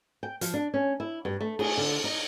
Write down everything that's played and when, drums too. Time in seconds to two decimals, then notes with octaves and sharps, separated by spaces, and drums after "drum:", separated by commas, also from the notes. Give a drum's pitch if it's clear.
0.23 G5
0.41 F3, drum: hi-hat
0.54 D4
0.74 C#4
1.00 E4
1.25 G2
1.41 A3
1.59 G#4, drum: cymbal
1.77 D3
2.04 D#4